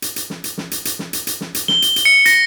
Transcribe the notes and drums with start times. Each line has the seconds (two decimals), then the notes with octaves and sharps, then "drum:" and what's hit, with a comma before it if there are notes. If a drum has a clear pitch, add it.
0.02 drum: hi-hat
0.16 drum: hi-hat
0.30 drum: snare
0.44 drum: hi-hat
0.58 drum: snare
0.71 drum: hi-hat
0.85 drum: hi-hat
0.99 drum: snare
1.13 drum: hi-hat
1.27 drum: hi-hat
1.41 drum: snare
1.55 drum: hi-hat
1.68 G7, drum: snare
1.82 drum: hi-hat
1.96 drum: hi-hat
2.05 C#7
2.26 A#6, drum: hi-hat